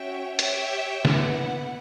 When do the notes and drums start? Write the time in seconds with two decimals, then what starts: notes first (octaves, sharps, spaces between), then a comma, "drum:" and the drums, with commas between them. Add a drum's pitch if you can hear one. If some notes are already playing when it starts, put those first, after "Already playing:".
Already playing: C#4 F#4 C#5 E5 G5
0.39 G4 C#5 E5 G5, drum: hi-hat
1.05 B3 E4 B4 F#5, drum: snare